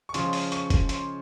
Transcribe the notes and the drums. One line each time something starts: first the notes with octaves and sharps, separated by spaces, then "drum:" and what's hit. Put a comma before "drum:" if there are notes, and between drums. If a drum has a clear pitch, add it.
C#6
C#3 F3 G#3 C#4 F4 C6, drum: hi-hat
drum: open hi-hat
C#6, drum: hi-hat
drum: kick F1, hi-hat
C6, drum: hi-hat